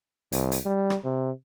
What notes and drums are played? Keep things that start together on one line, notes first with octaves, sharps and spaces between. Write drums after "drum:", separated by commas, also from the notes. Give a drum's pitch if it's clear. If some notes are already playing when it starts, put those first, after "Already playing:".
C2, drum: hi-hat
drum: hi-hat
G3
drum: rim click
C3